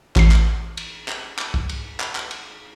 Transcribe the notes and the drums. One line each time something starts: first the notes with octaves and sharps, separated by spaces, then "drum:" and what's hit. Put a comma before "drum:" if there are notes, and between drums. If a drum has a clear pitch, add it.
A1 C7, drum: clap
drum: clap
drum: cymbal
drum: clap
drum: clap
drum: kick
drum: cymbal
drum: clap
drum: clap
drum: cymbal